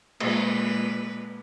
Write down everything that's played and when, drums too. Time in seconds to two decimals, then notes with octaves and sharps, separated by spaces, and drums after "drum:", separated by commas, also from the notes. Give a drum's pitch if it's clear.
0.20 A#2 G#3 B4, drum: cymbal